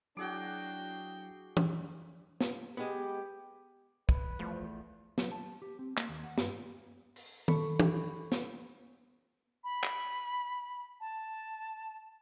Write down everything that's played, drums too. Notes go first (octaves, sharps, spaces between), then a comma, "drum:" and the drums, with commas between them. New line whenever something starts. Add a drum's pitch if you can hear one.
F#3 D4 E4 F#4 G#4 F#5 G5 D6
drum: tom
drum: snare
G#3 B3 G4
B4, drum: kick
E2 F3 A3
F#3, drum: snare
A5
G4
C4
A#3, drum: clap
D#2
F#5
G2, drum: snare
drum: open hi-hat
A4 B5 C#6, drum: tom D#3
drum: tom
drum: snare
B5
drum: clap
A5